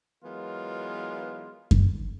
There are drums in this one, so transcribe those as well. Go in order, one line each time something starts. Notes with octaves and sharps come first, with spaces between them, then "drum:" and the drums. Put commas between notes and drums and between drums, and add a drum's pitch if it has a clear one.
E3 F#3 G#3 B3 F4 A#4
drum: kick F#2